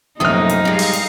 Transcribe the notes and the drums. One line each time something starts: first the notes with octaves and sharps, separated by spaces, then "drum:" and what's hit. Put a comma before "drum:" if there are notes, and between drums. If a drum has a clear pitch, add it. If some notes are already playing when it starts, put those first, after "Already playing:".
F#2 C3 F3 A3 A#3 D#4 D#6 F6
drum: hi-hat
G3 G#3 D#5 F5
drum: open hi-hat
drum: hi-hat